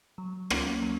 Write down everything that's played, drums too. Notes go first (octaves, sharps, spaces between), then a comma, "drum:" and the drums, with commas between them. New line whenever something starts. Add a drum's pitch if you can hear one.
F#3
A#3 C#4 F4, drum: rim click
F#3